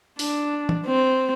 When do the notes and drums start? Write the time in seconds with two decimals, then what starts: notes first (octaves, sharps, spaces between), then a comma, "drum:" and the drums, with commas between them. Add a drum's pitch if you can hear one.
0.19 D4, drum: open hi-hat
0.69 drum: tom
0.86 C4